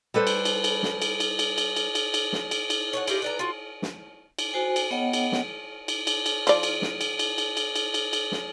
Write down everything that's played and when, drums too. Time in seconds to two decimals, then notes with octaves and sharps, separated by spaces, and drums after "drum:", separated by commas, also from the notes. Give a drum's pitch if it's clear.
0.14 G3 A4 B4 C5
0.27 drum: cymbal
0.45 drum: cymbal
0.64 drum: cymbal
0.83 drum: snare
1.02 drum: cymbal
1.20 drum: cymbal
1.39 drum: cymbal
1.58 drum: cymbal
1.76 drum: cymbal
1.95 drum: cymbal
2.14 drum: cymbal
2.33 drum: snare
2.51 drum: cymbal
2.70 drum: cymbal
2.93 C#5 E5 F#5
3.07 E4 F4 G4 D#5, drum: cymbal
3.22 B4 D5 A#5
3.39 F4 F#4
3.82 drum: snare
4.39 drum: cymbal
4.53 F#4 C5 G#5
4.76 drum: cymbal
4.91 B3 C#5 D#5 F#5 G5
5.13 drum: cymbal
5.32 drum: snare
5.88 drum: cymbal
6.07 drum: cymbal
6.26 drum: cymbal
6.47 F3 D5, drum: cymbal
6.63 drum: cymbal
6.82 drum: snare
7.01 drum: cymbal
7.19 drum: cymbal
7.38 drum: cymbal
7.57 drum: cymbal
7.76 drum: cymbal
7.94 drum: cymbal
8.13 drum: cymbal
8.32 drum: snare